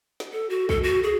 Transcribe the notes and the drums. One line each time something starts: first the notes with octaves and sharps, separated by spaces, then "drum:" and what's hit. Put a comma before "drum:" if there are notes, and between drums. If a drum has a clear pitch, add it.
drum: snare
A4
F#4
A4, drum: kick B1
F#4
G#4